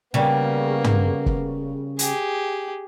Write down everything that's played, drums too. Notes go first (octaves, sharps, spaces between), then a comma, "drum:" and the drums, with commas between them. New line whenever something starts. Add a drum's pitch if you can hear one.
C#3 G3 A#3 B3
drum: tom
drum: kick
G4 G#4, drum: hi-hat